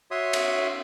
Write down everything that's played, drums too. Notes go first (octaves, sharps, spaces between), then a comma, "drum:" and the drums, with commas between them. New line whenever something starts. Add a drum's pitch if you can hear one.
F#4 C#5 E5 C6 D#6
drum: cymbal